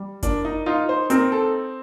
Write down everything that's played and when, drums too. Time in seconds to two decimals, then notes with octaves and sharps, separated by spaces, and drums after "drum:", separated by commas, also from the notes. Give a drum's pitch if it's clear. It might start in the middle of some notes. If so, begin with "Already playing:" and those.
Already playing: G3
0.23 D4 A#4, drum: kick F#1, hi-hat
0.45 D#4
0.66 D#4 F4
0.89 C5
1.10 C4 A#4, drum: hi-hat
1.32 A4